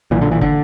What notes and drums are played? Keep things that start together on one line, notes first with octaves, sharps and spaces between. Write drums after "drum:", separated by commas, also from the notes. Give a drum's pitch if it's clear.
B1 A#2 E3
D3
E3
D3, drum: kick